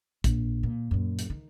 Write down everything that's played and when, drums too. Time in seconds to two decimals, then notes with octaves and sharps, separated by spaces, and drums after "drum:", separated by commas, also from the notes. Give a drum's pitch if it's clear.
0.24 A#1, drum: kick A1, hi-hat
0.63 A#2
0.91 F#2 A#2
1.19 drum: hi-hat
1.30 D#3